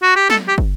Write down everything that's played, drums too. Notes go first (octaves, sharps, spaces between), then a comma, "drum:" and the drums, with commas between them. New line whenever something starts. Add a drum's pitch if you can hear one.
F#4
G4
A4, drum: snare
G4
drum: kick